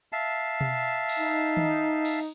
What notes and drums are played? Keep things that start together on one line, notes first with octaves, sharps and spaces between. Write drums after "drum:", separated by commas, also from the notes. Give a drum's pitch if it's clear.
E5 F5 A5
drum: tom B2
drum: cymbal
D#4
drum: tom D#3
drum: cymbal